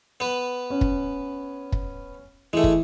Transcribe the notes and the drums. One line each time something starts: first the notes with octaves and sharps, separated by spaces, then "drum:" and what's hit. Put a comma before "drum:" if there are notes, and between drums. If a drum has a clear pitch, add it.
B3 B4
C#4
drum: kick
drum: kick
E3 G#3 A3
drum: kick